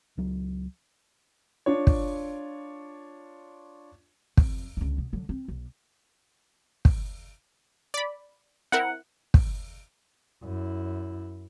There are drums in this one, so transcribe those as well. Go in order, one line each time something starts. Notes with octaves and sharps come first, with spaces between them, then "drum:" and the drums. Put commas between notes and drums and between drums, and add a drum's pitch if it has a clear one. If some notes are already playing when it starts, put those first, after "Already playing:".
C#2 F#3
D4 F4 C#5
drum: kick
F2, drum: kick
C#2 D3
B2
D3 F#3
C4
B1
drum: kick
D5 B5
C4 E4 A#4 F#5
drum: kick
F#2 E4